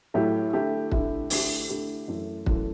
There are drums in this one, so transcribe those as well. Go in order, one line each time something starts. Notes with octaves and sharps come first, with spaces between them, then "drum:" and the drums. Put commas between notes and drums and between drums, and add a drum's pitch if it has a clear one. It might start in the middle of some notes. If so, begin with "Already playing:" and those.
A2 F#3 A3 E4 G4
D3 A3 E4 G4
D3 A3 E4 G4, drum: kick
D3 A3 E4 G4, drum: open hi-hat
D3 A3 E4 G4
F#2 E3 A3
F#2 E3 A3, drum: kick